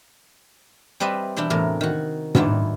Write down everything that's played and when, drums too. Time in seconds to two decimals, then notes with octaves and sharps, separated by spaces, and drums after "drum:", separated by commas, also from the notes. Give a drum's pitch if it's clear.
1.00 G3 C4 G4 B4 D#5 E5
1.36 B2 E3 D4 E4 G5
1.50 E2 A2 C3 A#4
1.81 D#3 F#4
2.35 G2 A#2 D#3 F#3 E4, drum: tom